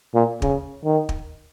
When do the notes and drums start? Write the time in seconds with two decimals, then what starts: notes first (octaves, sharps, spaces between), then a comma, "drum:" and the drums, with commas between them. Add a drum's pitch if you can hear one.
0.14 A#2
0.42 C#3, drum: kick
0.84 D#3
1.09 drum: kick